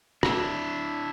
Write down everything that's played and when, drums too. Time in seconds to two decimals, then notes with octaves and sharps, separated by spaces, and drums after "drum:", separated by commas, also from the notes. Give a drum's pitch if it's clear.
0.23 D4 E4, drum: rim click